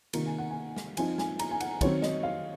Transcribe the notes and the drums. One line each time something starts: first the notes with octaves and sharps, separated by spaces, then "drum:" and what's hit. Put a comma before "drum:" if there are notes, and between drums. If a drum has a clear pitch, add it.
C3 D#3 A#3 F4 A#5, drum: cymbal
G#5
F#5
G#5
drum: snare
F3 C4 D#4 G#5, drum: cymbal
G#5, drum: snare
A#5, drum: cymbal
G#5
F#5, drum: cymbal
D#3 F#3 C4 C#5, drum: kick, cymbal
D#5, drum: snare
F5